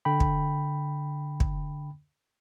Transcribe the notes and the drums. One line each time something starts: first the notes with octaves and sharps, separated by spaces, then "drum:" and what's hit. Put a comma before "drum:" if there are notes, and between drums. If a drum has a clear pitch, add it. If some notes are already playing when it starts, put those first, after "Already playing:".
D3 G5 B5
drum: kick
drum: kick